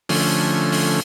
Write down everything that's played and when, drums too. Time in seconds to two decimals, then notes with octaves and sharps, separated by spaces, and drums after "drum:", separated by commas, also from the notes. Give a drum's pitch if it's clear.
0.09 D3 F3 A3 C#4, drum: open hi-hat
0.72 drum: open hi-hat